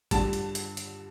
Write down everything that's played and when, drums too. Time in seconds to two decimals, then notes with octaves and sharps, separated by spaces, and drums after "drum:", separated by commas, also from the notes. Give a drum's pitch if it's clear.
0.11 G2 D3 G3 A5, drum: kick G#1, hi-hat
0.33 drum: hi-hat
0.55 drum: hi-hat
0.77 drum: hi-hat